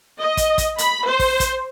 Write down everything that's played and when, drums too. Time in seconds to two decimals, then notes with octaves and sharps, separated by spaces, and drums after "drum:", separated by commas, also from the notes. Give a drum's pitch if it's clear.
0.21 D#5
0.37 drum: kick, hi-hat
0.58 drum: kick, hi-hat
0.78 B5, drum: hi-hat
1.07 C5
1.19 drum: kick, open hi-hat
1.40 drum: kick, hi-hat